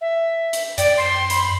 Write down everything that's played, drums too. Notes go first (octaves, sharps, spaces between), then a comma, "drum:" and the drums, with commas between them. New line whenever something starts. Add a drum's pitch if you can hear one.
E5
drum: hi-hat
F#2 D5 G5, drum: hi-hat
C6
B5, drum: hi-hat